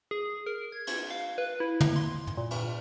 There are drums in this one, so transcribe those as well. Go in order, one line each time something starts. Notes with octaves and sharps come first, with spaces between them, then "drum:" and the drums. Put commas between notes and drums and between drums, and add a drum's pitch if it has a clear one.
G#4
A#4
G#6
drum: cymbal
F5
B4
E4
drum: tom
C6
drum: tom
A#2
drum: cymbal